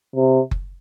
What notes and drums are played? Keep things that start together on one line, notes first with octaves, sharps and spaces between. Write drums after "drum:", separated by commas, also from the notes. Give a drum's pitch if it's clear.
C3
drum: kick F#1